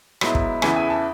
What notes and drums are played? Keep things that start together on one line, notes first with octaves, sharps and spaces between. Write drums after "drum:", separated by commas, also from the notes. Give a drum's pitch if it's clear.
G#2 F#3 B3 E4, drum: rim click
drum: kick
E2 C#3 E3 B3 E4 G#5, drum: rim click
G#5
A5